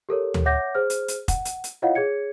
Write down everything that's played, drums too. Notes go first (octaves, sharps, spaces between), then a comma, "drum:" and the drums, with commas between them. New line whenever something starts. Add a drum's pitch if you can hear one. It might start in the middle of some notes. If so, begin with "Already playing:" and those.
G4 A4 A#4 C#5
drum: tom D2
C#5 E5 F#5 D6 G6 A#6
G#4 C5 F6
drum: hi-hat
drum: hi-hat
F#5, drum: kick F1, hi-hat
drum: hi-hat
drum: hi-hat
E4 F4 C#5 D#5 F5 F#5
G#4 C#5 G#6 C#7